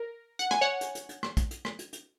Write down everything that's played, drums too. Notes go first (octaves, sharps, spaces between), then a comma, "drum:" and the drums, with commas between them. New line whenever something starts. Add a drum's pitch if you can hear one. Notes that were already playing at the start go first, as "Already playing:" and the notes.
Already playing: A#4
F#5, drum: hi-hat
G#5, drum: rim click
C#5 F#5
drum: hi-hat
drum: hi-hat
drum: hi-hat
drum: rim click
drum: kick, hi-hat
drum: hi-hat
drum: rim click
drum: hi-hat
drum: hi-hat